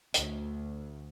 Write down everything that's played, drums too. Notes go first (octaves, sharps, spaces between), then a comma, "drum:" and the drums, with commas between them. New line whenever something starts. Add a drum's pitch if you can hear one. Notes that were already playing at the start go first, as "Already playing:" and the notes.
D2, drum: hi-hat